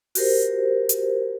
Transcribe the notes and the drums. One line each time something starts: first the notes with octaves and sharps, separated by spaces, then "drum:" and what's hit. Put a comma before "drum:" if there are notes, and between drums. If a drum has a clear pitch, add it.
F#4 G4 A#4 C5, drum: open hi-hat
drum: hi-hat